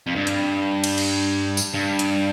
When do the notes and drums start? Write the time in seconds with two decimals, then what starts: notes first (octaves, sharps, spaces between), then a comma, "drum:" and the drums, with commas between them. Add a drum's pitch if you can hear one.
0.07 F2
0.16 G2
0.27 drum: hi-hat
0.84 drum: cymbal
0.98 drum: cymbal
1.57 drum: tambourine
1.74 G2
1.99 drum: hi-hat